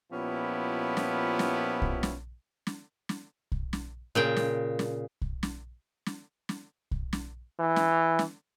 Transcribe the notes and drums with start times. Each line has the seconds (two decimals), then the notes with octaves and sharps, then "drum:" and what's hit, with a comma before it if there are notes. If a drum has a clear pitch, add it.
0.12 A#2 F3 B3 C#4 E4 G4
0.97 drum: snare
1.39 drum: snare
1.82 drum: kick B1
2.03 drum: snare
2.67 drum: snare
3.09 drum: snare
3.52 drum: kick B1
3.73 drum: snare
4.15 A#2 C#3 G5
4.37 drum: snare
4.79 drum: snare
5.21 drum: kick B1
5.43 drum: snare
6.06 drum: snare
6.49 drum: snare
6.91 drum: kick B1
7.13 drum: snare
7.59 E3
7.76 drum: snare
8.19 drum: snare